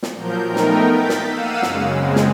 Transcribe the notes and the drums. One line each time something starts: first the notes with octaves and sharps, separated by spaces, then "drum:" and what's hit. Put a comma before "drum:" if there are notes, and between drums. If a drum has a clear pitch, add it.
drum: snare
A#2 F3 F#3 A#4 G6
A3 B3 D#4 A#4 G5
drum: snare
G6 A6 B6
drum: snare
A#3 F5 F#5 E6 D#7
F#2 C#3 G#3, drum: snare
C#3 G#3 C4
drum: snare